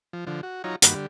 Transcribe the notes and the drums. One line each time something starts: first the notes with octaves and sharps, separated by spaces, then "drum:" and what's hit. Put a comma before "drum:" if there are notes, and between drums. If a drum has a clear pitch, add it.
F3
D3 F3
F#4
F#3 D#4 F4 C#5 A#5
G2 D#3 A#3 F#4 B5, drum: hi-hat
D3 G3